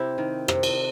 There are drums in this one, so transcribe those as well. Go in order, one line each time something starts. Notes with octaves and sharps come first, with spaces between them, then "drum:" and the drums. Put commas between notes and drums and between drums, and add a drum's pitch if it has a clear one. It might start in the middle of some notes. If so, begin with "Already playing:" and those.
Already playing: C3 E4 G4
D#3
C3, drum: rim click
drum: cymbal